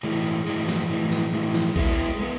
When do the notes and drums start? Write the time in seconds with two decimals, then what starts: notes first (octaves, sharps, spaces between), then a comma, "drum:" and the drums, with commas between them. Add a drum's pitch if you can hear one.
0.03 A2 E3 G#3
0.25 drum: tambourine
0.47 A2 E3 G#3
0.68 drum: snare
0.90 A2 E3 G#3
1.11 drum: snare
1.33 A2 E3 G#3
1.54 drum: snare
1.76 G#3 B3 E4, drum: kick A#1
1.97 drum: tambourine
2.19 G#3 B3